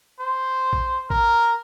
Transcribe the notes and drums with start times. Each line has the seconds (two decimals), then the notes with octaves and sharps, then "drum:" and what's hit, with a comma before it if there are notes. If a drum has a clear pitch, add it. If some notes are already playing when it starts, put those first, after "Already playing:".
0.20 C5
0.73 drum: kick
1.10 A#4, drum: kick